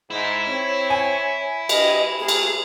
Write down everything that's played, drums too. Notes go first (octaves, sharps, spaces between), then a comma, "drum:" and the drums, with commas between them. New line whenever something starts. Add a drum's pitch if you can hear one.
G#2 E4
C4 C#5
G#5
G2 D#5, drum: cymbal
C3 A3 A#3 G#4
drum: cymbal